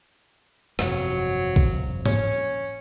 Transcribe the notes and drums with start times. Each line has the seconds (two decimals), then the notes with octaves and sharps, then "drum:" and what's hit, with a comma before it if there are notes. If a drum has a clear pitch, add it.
0.79 G1 F2 C3 F#3, drum: rim click
1.56 drum: kick
2.06 C#4, drum: tom G#2